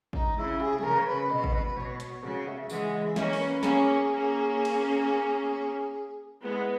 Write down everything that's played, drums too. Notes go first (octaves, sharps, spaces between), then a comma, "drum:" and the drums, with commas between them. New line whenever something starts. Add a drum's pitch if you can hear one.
D#4, drum: kick G#1
C#3 E4
G#4
G#4, drum: tom
C#3 A#4
C#5
B4
B2 D#5
drum: kick G#1
B4
B2 C#5
C#5, drum: hi-hat
C#3 F#4
E5
E5
E3 G#3 F#5, drum: tambourine
D#5
E5
A#3 C#4 D#5, drum: snare
A#4, drum: open hi-hat
B4
A#3 C#4 G#4, drum: snare
A#3 C#4
drum: cymbal
G#3 B3 E4